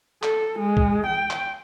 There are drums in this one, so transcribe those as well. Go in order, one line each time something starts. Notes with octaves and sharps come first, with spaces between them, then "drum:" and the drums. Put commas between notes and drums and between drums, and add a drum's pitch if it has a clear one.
A4, drum: clap
G#3
drum: kick
G5
drum: clap